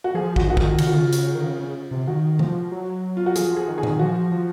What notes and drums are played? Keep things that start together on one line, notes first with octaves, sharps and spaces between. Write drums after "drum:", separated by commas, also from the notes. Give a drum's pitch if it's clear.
F#4
F3 G#4
F#4, drum: kick
D#3 F#4
F4, drum: kick
C#3 F4, drum: cymbal
D#3 F#4
C#3 F4
drum: hi-hat
D#3
C#3
C#3
C3
D#3 F#4
F3, drum: tom
F#3
F4
F#4
F3 G#4, drum: hi-hat
F3
G#4
D#3
G#4
D#3, drum: tom
F3 F#4
F3